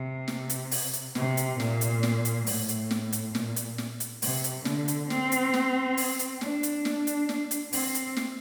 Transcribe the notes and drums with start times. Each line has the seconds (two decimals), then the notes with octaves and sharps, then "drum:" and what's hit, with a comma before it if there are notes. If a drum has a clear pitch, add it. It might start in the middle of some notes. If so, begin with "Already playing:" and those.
Already playing: C3
0.28 drum: snare
0.50 drum: hi-hat
0.71 drum: open hi-hat
0.93 drum: hi-hat
1.15 C3, drum: snare
1.37 drum: hi-hat
1.60 A#2, drum: snare
1.81 drum: hi-hat
2.03 drum: snare
2.25 drum: hi-hat
2.47 A2, drum: open hi-hat
2.69 drum: hi-hat
2.91 drum: snare
3.12 drum: hi-hat
3.35 A#2, drum: snare
3.56 drum: hi-hat
3.78 drum: snare
4.00 drum: hi-hat
4.22 C3, drum: open hi-hat
4.44 drum: hi-hat
4.65 D3, drum: snare
4.88 drum: hi-hat
5.10 C4, drum: snare
5.32 drum: hi-hat
5.54 drum: snare
5.97 drum: open hi-hat
6.19 drum: hi-hat
6.41 D4, drum: snare
6.63 drum: hi-hat
6.85 drum: snare
7.07 drum: hi-hat
7.29 drum: snare
7.51 drum: hi-hat
7.73 C4, drum: open hi-hat
7.95 drum: hi-hat
8.17 drum: snare